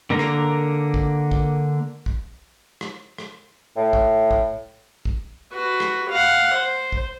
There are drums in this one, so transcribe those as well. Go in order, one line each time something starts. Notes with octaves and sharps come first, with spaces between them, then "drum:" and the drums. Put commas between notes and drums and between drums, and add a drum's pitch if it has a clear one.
D3 A#3 A#4 A#5
drum: rim click
drum: kick
drum: kick
drum: kick
drum: rim click
drum: rim click
A2
drum: kick
drum: kick
drum: kick
F#4 B4
drum: rim click
F5 F#5
C5
drum: kick